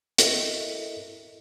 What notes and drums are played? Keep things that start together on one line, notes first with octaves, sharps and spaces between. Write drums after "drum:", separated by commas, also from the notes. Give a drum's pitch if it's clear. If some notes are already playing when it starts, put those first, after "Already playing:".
E4 A4 A#4 D#5 E5, drum: hi-hat